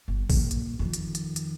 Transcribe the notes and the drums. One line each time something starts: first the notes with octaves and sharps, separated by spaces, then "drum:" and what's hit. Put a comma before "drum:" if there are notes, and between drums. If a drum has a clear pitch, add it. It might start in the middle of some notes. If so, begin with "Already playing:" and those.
G1
A#2, drum: kick, open hi-hat
drum: hi-hat
F2 D#3
drum: hi-hat
drum: hi-hat
drum: hi-hat